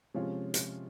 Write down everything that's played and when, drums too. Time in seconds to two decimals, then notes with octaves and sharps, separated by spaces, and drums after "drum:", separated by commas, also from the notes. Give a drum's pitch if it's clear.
0.14 C3 F3 G#3 C#4 F4
0.54 drum: hi-hat